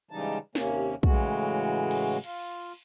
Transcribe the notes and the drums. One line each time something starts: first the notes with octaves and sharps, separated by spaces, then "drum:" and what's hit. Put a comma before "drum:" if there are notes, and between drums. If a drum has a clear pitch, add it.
G#2 C#3 E3 G3 D#4 A5
D#2 C3 A#3 C#4, drum: snare
A2 C#3 E3 G#3 F#4, drum: kick
drum: cymbal
F4, drum: cymbal